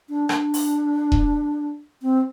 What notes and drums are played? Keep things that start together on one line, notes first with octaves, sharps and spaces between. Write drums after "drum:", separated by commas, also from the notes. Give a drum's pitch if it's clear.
D4
D4, drum: rim click
drum: open hi-hat
drum: kick E1
C4